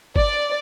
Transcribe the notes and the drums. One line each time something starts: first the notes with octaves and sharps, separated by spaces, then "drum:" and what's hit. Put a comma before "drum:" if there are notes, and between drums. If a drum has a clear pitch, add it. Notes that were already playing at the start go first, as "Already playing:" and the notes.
D5, drum: kick G1